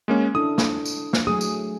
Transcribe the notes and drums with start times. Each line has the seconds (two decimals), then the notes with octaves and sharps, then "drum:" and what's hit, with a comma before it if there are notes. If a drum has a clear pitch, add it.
0.08 G#3 A#3 C#4
0.35 D4 E4 A4 D#6
0.58 drum: snare
0.85 drum: tambourine
1.13 drum: snare
1.27 F#3 A3 G#4 D#6
1.41 drum: tambourine